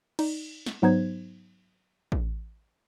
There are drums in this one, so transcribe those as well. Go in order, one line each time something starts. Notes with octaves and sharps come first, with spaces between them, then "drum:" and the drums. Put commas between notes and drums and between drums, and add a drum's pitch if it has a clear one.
D#4 D5, drum: cymbal
drum: snare
G#2 F#3 B3 D#4 C5 G#6
drum: kick A1